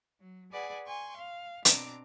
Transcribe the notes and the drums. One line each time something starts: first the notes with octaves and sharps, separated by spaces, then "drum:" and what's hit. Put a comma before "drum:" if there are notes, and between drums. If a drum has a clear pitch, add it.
F#3
G#4 B4 D5 F#5 G#5
G#5 C6 C#6
F5
B2 C4 D4 A#5 D6, drum: hi-hat